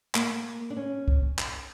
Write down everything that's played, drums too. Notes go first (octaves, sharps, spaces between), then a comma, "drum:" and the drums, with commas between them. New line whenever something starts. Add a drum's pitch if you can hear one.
A#3, drum: clap
D4
C#4
drum: kick
drum: clap